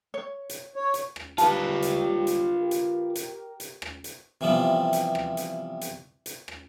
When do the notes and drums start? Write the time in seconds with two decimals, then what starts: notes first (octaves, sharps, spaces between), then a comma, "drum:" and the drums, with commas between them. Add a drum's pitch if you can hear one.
0.14 C#5
0.49 drum: hi-hat
0.76 C#5
0.94 drum: hi-hat
1.16 drum: rim click
1.38 D#2 G3 F4 G4 B4 A5, drum: hi-hat
1.82 drum: hi-hat
2.27 drum: hi-hat
2.57 G4 A#4
2.71 drum: hi-hat
3.15 drum: hi-hat
3.60 drum: hi-hat
3.82 drum: rim click
4.04 drum: hi-hat
4.41 C3 E3 F3 G3 B3
4.93 drum: hi-hat
5.15 drum: rim click
5.37 drum: hi-hat
5.81 drum: hi-hat
6.26 drum: hi-hat
6.48 drum: rim click